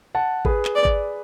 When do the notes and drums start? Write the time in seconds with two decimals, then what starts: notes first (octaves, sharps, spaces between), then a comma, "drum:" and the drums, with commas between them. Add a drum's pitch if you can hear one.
0.15 F#5 A5
0.45 G#4 B4, drum: kick G#1
0.65 drum: clap
0.76 D5
0.85 drum: kick G#1